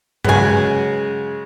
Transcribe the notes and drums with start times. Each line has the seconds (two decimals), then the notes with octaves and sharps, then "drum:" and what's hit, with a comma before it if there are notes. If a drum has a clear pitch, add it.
0.25 C#3 F#3 G#3 B3 G#5, drum: tom G2